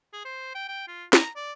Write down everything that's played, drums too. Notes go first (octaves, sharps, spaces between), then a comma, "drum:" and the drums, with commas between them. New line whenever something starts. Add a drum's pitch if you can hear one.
G#4
C5
G5
G5
F4
A#5, drum: snare
D5